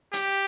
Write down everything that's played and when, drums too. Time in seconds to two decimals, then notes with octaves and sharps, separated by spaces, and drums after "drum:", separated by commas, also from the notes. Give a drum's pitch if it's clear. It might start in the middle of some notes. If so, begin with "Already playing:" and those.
0.13 G4, drum: hi-hat